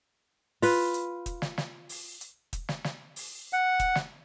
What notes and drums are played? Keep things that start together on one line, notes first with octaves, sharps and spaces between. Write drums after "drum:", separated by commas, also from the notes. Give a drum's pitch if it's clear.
F4 B4, drum: open hi-hat
drum: hi-hat
drum: kick, hi-hat
drum: snare
drum: snare
drum: open hi-hat
drum: hi-hat
drum: kick, hi-hat
drum: snare
drum: snare
drum: open hi-hat
F#5
drum: kick, hi-hat
drum: snare